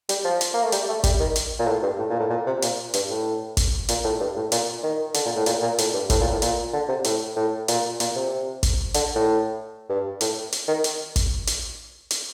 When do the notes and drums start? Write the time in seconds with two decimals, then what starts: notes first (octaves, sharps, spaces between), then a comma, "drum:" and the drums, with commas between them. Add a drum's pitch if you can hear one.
0.09 G3, drum: hi-hat
0.25 F3
0.41 drum: hi-hat
0.54 A#3
0.63 A3
0.72 G3, drum: hi-hat
0.88 A3
1.04 G3, drum: kick, hi-hat
1.20 D#3
1.36 drum: hi-hat
1.59 A#2
1.67 A2
1.83 G2
1.99 A2
2.10 A#2
2.20 A2
2.30 A#2
2.46 C3
2.62 A#2, drum: hi-hat
2.94 G2, drum: hi-hat
3.10 A2
3.57 drum: kick, hi-hat
3.88 A#2, drum: hi-hat
4.04 A2
4.20 G2
4.36 A2
4.52 A#2, drum: hi-hat
4.83 D#3
5.14 D3, drum: hi-hat
5.25 A#2
5.36 A2
5.46 A#2, drum: hi-hat
5.62 A#2
5.78 A2, drum: hi-hat
5.94 G2
6.10 A2, drum: kick, hi-hat
6.21 A#2
6.31 A2
6.42 A#2, drum: hi-hat
6.73 D3
6.89 C3
7.04 A2, drum: hi-hat
7.36 A2
7.68 A#2, drum: hi-hat
8.00 A#2, drum: hi-hat
8.16 C3
8.63 drum: kick, hi-hat
8.94 D3, drum: hi-hat
9.15 A2
9.89 G2
10.21 A2, drum: hi-hat
10.52 drum: hi-hat
10.68 D#3
10.84 drum: hi-hat
11.16 drum: kick, hi-hat
11.47 drum: hi-hat
12.11 drum: hi-hat